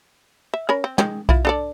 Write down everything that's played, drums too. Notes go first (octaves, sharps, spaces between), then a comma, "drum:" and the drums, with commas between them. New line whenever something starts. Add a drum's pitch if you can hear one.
E5
C#4 A#4 B5
C4
D#3 G#3 G5, drum: tom
E4 F4, drum: kick B1
D4 A4 D5